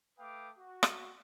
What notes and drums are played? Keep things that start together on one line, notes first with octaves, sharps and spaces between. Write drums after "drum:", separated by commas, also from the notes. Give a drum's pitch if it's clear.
A3 B4 F5 G5 D6 D#6
F#4
drum: rim click